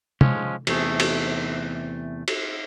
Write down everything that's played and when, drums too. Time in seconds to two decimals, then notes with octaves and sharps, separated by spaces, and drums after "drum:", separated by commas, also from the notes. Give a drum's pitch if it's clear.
0.21 F3 G#3 C#4, drum: tom
0.67 E2 C3 A3 G#4, drum: cymbal
1.00 drum: cymbal
2.28 drum: cymbal